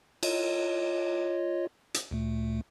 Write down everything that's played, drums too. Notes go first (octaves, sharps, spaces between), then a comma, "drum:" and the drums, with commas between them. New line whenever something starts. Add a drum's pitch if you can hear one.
F4 C#5 D#5, drum: cymbal
drum: hi-hat
D2 A#2 A3